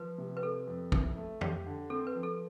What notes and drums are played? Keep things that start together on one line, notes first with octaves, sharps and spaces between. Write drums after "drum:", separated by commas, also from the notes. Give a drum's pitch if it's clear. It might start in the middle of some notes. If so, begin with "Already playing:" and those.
Already playing: F3 B4
C3
B4
C4 A4
F2
E4, drum: kick
A3
G4, drum: tom
D3
C4 A4
B4
F3
A4